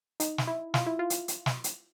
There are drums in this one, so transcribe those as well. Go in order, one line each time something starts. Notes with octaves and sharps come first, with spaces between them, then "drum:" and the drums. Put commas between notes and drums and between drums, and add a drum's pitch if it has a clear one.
D#4, drum: hi-hat
drum: snare
E4
F4, drum: snare
E4
F4
drum: hi-hat
drum: hi-hat
drum: snare
drum: hi-hat